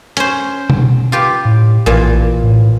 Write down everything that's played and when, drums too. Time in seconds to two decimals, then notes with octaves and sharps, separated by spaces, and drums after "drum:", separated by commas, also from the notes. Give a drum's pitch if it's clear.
0.17 C#4 C5, drum: hi-hat
0.70 drum: tom B2
1.12 F4 G4 B4
1.45 A2
1.86 A#1 A#2 E3 F4
2.43 A2